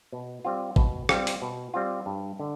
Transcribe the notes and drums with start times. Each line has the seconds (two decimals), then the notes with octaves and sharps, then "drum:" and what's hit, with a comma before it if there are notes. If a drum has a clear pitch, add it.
0.12 B2
0.45 G3 C4 F4
0.76 B2, drum: kick A1
1.09 G3 C4 F4, drum: rim click
1.27 drum: open hi-hat
1.42 B2
1.74 G3 C4 F4
2.06 G2
2.39 D3